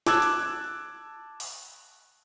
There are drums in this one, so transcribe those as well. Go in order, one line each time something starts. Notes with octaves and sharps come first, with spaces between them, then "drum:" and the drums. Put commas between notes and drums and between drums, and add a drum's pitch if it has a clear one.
A5 D6 E6 F#6 G#6, drum: snare
drum: hi-hat
drum: open hi-hat